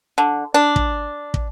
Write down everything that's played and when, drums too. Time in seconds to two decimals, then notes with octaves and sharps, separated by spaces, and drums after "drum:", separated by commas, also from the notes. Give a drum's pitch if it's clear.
0.18 D3
0.54 D4
0.76 drum: kick
1.34 drum: kick